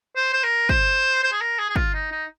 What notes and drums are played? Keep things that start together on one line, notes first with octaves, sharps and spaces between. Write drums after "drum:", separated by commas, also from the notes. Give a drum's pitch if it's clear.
C5
C5
A#4
C5, drum: kick
C5
G#4
A#4
G#4
G#4
F4, drum: kick
D#4
D#4